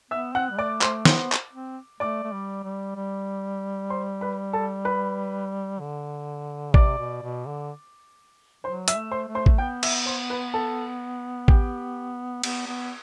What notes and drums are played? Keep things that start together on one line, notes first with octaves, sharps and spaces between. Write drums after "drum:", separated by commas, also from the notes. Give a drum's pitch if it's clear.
B3 E5 E6
C4 F#5 F#6
G3
A3 D5 D6
A3 C5 C6, drum: clap
B3 C5 C6, drum: snare
drum: clap
C4
A3 D5 D6
A3
G3
G3
G3
C5 C6
B4 B5
A4 A5
B4 B5
D3
C3 D5 D6, drum: kick A1
B2
B2
D3
F#3 C5 C6
E5 E6, drum: hi-hat
A3
C5 C6
A3
C5 C6
drum: kick A1
B3 G5 G6
E5 E6, drum: cymbal
C5 C6
B4 B5
A4 A5
G4 G5, drum: kick A1
B3, drum: cymbal
B3